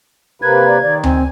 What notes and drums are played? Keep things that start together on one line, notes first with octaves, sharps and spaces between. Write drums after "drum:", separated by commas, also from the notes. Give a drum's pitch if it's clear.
C3 A#3 B4 G#6
D5
D#3 D5
C4 G#5, drum: tom D2